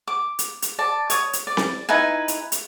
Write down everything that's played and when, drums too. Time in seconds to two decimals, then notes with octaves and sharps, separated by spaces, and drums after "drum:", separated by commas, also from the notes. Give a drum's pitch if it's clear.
0.07 D6
0.39 drum: hi-hat
0.62 drum: hi-hat
0.79 D5 A5
1.10 C#5 D#6, drum: hi-hat
1.33 drum: hi-hat
1.47 D5
1.57 drum: snare C4
1.89 D#4 E4 B4 G#5
2.28 drum: hi-hat
2.52 drum: hi-hat